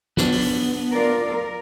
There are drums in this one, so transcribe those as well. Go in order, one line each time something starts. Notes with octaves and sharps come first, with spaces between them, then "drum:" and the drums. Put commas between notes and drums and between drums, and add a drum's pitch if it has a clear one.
B3 D4, drum: snare
drum: open hi-hat
F4 A#4 D5
A#4